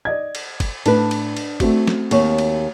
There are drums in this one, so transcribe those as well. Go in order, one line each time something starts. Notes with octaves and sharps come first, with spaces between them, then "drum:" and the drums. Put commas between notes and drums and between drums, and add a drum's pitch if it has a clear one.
D5 D#5 G#6
drum: cymbal
drum: kick, cymbal
A2 D4 B4, drum: cymbal
drum: cymbal
drum: cymbal
A3 C4 F#4, drum: kick, cymbal
drum: snare
D#2 C#5, drum: cymbal
drum: cymbal